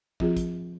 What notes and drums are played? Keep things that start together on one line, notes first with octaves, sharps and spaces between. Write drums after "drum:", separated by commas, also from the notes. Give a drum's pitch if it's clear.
F3 C4 F4 G#4, drum: kick
drum: kick, hi-hat